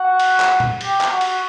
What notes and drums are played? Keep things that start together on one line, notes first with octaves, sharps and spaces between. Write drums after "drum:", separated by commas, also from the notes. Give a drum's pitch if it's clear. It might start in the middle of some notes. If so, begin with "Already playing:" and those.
Already playing: F#4 F#5
drum: cymbal
drum: clap
drum: tom A#2
G4 G5, drum: cymbal
drum: clap
F#4 F#5
drum: cymbal